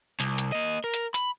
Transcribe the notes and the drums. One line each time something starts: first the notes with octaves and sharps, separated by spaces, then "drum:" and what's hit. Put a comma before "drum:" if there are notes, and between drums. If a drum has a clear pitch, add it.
C2, drum: hi-hat
drum: hi-hat
A#3 D#5
A#4
drum: hi-hat
B5, drum: hi-hat